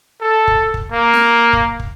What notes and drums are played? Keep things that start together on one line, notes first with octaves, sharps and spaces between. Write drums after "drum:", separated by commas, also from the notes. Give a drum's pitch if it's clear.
A4
drum: kick
drum: kick
A#3
drum: snare
drum: kick
drum: kick